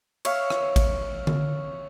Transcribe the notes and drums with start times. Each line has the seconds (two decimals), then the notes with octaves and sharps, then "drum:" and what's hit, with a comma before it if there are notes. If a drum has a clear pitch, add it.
0.25 C#5 E5 F5, drum: cymbal
0.50 drum: rim click
0.76 drum: kick G#1, cymbal
1.27 drum: tom D3